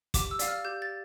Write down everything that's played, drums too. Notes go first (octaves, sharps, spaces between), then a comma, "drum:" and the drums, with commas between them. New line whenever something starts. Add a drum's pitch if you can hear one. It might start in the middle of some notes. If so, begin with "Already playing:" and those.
G4 D6, drum: kick, hi-hat
E6
D5 F5, drum: hi-hat
F6
G4 G6
A6